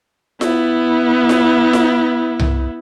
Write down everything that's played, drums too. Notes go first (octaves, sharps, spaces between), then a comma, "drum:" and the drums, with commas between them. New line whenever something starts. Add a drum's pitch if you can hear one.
B3 E4, drum: snare F4
drum: snare F4
drum: snare F4
drum: tom C2